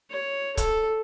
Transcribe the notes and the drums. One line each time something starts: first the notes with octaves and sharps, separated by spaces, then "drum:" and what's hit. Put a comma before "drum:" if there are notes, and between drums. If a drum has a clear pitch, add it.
C#5
A4, drum: kick C#1, hi-hat